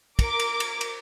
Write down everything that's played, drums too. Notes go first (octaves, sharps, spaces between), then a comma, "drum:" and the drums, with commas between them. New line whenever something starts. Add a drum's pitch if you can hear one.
A#4 D6, drum: kick, cymbal
drum: cymbal
drum: cymbal
drum: cymbal